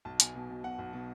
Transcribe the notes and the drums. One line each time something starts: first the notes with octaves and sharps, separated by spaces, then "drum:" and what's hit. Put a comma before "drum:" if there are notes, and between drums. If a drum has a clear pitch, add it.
B1 A5
B2 G#5, drum: hi-hat
B2
B2
B2 F#5
B1
B2